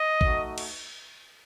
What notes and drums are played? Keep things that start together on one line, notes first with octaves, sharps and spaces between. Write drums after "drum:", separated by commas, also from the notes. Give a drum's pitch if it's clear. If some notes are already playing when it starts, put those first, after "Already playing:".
Already playing: D#5
A3 D#4 F#4, drum: kick A#1
drum: cymbal